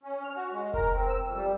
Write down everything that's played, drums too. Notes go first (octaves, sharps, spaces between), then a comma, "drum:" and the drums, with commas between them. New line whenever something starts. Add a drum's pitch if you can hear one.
C#4
F6
F#4
G#3
A#4, drum: kick F1
C4
E6
F2
G3